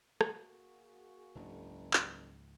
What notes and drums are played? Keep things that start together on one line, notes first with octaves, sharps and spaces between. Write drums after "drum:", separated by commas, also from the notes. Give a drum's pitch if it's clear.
A#3 F#4 G#4, drum: rim click
F#1 C#2 G#2 D4
drum: clap